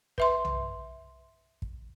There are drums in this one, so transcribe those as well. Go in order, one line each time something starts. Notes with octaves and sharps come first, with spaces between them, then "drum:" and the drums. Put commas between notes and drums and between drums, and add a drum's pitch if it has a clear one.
B4 E5 C6, drum: kick
drum: tom B1
drum: kick